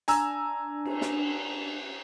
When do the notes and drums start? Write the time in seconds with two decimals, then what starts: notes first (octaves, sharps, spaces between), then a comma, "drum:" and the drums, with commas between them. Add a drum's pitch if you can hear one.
0.08 D4 G#5 A#5 E6, drum: hi-hat
0.85 drum: cymbal
1.01 drum: snare